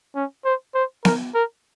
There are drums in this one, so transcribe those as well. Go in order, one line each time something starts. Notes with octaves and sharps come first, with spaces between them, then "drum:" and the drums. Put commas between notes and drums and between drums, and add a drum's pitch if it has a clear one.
C#4
C5
C5
A#4, drum: snare B3
A#4